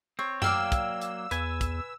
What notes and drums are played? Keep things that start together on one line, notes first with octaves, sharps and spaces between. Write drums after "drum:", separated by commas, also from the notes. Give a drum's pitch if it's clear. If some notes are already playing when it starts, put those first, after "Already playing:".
C4 C#5
F#3 A#3 D5 F5 G5 E6, drum: tom F#2
drum: kick, hi-hat
drum: hi-hat
E2 B4 G#5, drum: hi-hat
drum: kick, hi-hat